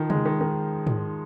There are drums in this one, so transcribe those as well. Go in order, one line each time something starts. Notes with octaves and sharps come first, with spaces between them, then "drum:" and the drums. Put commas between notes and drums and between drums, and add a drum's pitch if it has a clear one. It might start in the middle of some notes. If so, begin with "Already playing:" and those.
Already playing: D#3 F3
G#3, drum: tom C3
D#3
D#3
drum: tom G#2